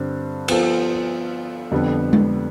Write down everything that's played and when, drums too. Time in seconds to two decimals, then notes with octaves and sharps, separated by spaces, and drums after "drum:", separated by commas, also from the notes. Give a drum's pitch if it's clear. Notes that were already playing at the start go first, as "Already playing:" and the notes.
Already playing: G2 D3 G3 C4
0.48 F3 B3 F4 A4 C5, drum: cymbal
1.71 F2 D3 G3 B3
2.13 drum: tom G#3